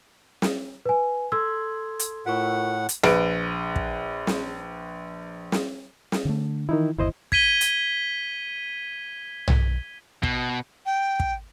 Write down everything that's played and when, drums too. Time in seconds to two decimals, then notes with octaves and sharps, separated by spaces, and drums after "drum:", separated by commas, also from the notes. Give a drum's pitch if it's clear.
0.42 drum: snare
0.86 B4 G#5
1.32 A4 C6 E6 G#6
1.99 drum: hi-hat
2.26 A2 F4 A#4 F#5 C#6
2.89 drum: hi-hat
3.03 A#1 B4 D7, drum: rim click
3.76 drum: kick
4.27 drum: snare
5.52 drum: snare
6.12 drum: snare
6.25 D3 A3
6.69 D#3 E3 D#4 E4
6.98 G1 D#2 E4 C5 D#5
7.32 G#6 B6 D#7 G7, drum: kick
7.61 drum: hi-hat
9.48 drum: tom B1
10.23 B2, drum: kick
10.86 G5
11.20 drum: kick